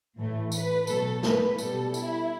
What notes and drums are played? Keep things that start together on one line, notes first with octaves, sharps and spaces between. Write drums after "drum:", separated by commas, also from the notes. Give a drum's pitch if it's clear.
A2 E3 A3
B4, drum: tambourine
B2 F#3 A3 A4, drum: tambourine
B4, drum: snare
B2 G3 A4, drum: tambourine
E4, drum: tambourine